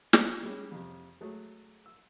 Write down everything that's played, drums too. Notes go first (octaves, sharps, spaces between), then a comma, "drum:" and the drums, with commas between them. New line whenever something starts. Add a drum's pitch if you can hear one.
drum: snare
G3 G#3 C#4
F2 C3
F#3 G#3 A3 G#4
E6